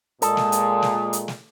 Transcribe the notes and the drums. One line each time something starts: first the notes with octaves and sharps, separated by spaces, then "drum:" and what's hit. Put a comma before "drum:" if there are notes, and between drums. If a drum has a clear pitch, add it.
A#2 G#3 A4 D#6, drum: hi-hat
drum: snare
drum: hi-hat
drum: snare
drum: hi-hat
drum: snare